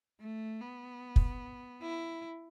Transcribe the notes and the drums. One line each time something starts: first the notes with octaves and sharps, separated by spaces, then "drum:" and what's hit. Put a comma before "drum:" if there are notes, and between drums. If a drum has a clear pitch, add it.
A3
B3
drum: kick
E4